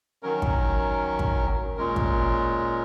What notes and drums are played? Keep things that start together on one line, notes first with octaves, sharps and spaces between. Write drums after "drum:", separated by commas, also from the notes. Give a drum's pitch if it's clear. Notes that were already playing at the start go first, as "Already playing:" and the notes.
D#3 F#3 C#4 A#4
drum: kick
drum: kick
A#2 G#3 C#4 A#4
drum: kick